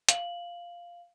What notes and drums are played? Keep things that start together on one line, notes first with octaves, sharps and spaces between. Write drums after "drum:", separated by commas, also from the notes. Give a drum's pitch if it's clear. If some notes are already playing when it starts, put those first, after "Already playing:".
F5 F#7, drum: hi-hat